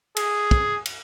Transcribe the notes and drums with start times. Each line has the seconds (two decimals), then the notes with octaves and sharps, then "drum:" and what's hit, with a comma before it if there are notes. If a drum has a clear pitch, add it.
0.17 G#4, drum: cymbal
0.51 drum: kick
0.86 drum: cymbal